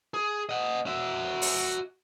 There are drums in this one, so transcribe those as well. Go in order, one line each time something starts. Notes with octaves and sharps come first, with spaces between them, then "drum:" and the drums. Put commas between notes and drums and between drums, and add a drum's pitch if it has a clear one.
G#4
D#5 F#5
F#4 E5
drum: open hi-hat